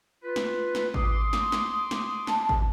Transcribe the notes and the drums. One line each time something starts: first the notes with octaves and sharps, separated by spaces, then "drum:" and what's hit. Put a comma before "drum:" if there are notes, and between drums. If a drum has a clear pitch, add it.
F4 B4
drum: snare
drum: snare
C6 D6 D#6, drum: kick G#1
drum: snare
drum: snare
drum: snare
A5, drum: snare
drum: kick G#1